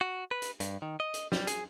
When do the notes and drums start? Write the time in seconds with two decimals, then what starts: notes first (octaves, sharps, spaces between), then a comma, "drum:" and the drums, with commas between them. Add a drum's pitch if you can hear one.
0.01 F#4
0.31 B4
0.42 drum: hi-hat
0.60 G2, drum: hi-hat
0.82 D#3
1.00 D#5
1.14 drum: hi-hat
1.32 G3, drum: snare
1.47 G#4, drum: hi-hat